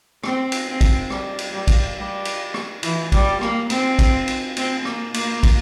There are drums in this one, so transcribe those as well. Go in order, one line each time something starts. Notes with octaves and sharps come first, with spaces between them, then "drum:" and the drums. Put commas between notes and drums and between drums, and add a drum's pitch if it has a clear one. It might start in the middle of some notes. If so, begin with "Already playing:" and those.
C4, drum: rim click
drum: cymbal
C4
drum: kick, cymbal
G3, drum: rim click
drum: cymbal
G3
drum: kick, cymbal
G3
drum: cymbal
drum: rim click
E3, drum: cymbal
G3, drum: kick, cymbal
A#3, drum: rim click
C4, drum: cymbal
drum: kick, cymbal
drum: cymbal
C4, drum: cymbal
A#3, drum: rim click
A#3, drum: cymbal
drum: kick, cymbal